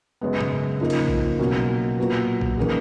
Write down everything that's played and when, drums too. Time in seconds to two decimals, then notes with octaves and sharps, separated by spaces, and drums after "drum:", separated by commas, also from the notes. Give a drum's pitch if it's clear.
0.21 F#2 C#3 G#3 B3
0.41 drum: tom G#2
0.80 C#3 F3 A#3 D#4 A#4
0.90 drum: cymbal
1.08 drum: kick A#1
1.39 B2 F#3 A#3 C#4
1.98 A#2 F#3 B3
2.41 drum: kick A#1
2.57 D#3 A#3 C#4 G#4 B4